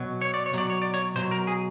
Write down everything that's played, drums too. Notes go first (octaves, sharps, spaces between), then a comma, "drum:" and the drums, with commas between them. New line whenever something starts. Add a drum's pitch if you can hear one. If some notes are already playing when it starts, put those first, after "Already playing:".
Already playing: B2 F#3
C#5
D5
C#5
B2 F#3 D5, drum: hi-hat
C#5
D5
C#5, drum: hi-hat
B2 F#3 C5, drum: hi-hat
A#4
G#4